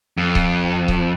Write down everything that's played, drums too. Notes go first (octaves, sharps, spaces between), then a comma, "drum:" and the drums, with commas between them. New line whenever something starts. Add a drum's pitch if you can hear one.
F2
drum: kick C#1
drum: kick C#1